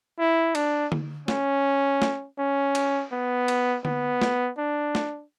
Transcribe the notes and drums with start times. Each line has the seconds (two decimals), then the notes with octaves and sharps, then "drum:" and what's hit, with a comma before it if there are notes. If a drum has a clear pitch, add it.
0.19 E4
0.55 D4, drum: cymbal
0.92 drum: tom D3
1.28 C#4, drum: snare
2.02 drum: snare
2.38 C#4
2.75 drum: cymbal
3.12 B3
3.48 drum: cymbal
3.85 B3, drum: tom D3
4.22 drum: snare
4.58 D4
4.95 drum: snare